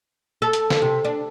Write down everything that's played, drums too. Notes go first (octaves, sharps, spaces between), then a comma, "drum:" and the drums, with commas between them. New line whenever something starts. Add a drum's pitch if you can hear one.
A4
drum: hi-hat
drum: snare
C3
D4